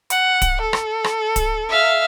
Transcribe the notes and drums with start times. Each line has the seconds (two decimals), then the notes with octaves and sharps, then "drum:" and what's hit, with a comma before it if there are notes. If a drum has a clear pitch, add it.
0.10 F#5, drum: hi-hat
0.42 drum: kick D1, hi-hat
0.61 A4
0.73 drum: rim click
1.04 drum: rim click
1.36 drum: kick D1, hi-hat
1.69 E5 F5